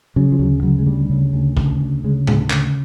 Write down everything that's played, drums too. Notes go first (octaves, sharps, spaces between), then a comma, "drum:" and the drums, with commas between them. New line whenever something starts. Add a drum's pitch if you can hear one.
C#3 F#3
F3
D2 F#3
C#3 F#3
G#3
D2 G3
C#3
D2
C#3, drum: kick
D2
C#3 G#3
D2 G#3, drum: tom A2
C#3 A3, drum: clap